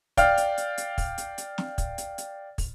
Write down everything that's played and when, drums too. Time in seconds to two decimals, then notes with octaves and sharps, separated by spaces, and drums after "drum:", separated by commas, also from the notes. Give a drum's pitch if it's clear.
0.17 D5 F5 G5 F6, drum: kick, hi-hat
0.37 drum: hi-hat
0.58 drum: hi-hat
0.78 drum: hi-hat
0.98 drum: kick, open hi-hat
1.18 drum: hi-hat
1.38 drum: hi-hat
1.58 drum: snare
1.78 drum: kick, hi-hat
1.98 drum: hi-hat
2.18 drum: hi-hat
2.58 drum: kick, open hi-hat